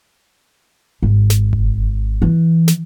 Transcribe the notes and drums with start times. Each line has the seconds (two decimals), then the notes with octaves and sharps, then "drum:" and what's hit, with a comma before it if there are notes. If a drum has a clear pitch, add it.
1.03 G#1
1.30 drum: snare
1.53 drum: kick F#1
2.22 E3
2.68 drum: snare